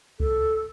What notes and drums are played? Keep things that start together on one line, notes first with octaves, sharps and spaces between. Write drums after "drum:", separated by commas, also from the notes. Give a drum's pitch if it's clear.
A4, drum: kick C#2